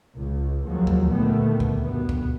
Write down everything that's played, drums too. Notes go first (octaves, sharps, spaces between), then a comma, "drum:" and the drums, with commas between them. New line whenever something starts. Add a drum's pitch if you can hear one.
C#2
D#2 F3 F#3 G#3
drum: kick D2
A#2 D3 D#3 G3 A3 B3
drum: kick D2
G2 B2 B3
drum: kick D2